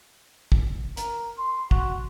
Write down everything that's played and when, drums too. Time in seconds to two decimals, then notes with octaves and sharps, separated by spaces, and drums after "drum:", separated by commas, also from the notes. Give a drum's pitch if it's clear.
0.52 drum: kick
0.97 A#4, drum: hi-hat
1.38 C6
1.71 F#4, drum: kick